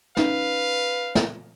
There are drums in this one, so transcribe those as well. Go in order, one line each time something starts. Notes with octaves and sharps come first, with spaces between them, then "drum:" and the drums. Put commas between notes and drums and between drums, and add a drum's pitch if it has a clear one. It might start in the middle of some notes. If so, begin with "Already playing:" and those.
C#4 D#4 B4 F5, drum: snare
drum: snare